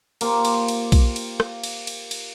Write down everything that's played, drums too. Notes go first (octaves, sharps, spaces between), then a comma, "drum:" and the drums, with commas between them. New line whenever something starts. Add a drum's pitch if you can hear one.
A#3 F4 G4 C5, drum: cymbal
drum: cymbal
drum: cymbal
drum: kick B1, cymbal
drum: cymbal
drum: rim click
drum: cymbal
drum: cymbal
drum: cymbal